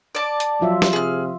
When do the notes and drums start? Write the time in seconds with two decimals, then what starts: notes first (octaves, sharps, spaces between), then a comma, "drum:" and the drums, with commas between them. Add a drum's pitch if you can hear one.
0.15 D5 A5
0.40 drum: hi-hat
0.61 F3 F#3 F4 E5
0.82 drum: snare
0.93 C3 G#4 F6